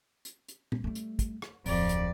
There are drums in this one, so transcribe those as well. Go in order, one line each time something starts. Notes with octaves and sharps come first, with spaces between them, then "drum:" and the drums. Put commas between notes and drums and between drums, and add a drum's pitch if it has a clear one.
drum: hi-hat
drum: hi-hat
drum: tom A#2
G3 A3
drum: hi-hat
drum: kick, hi-hat
drum: rim click
D1 F2 D5, drum: open hi-hat
drum: hi-hat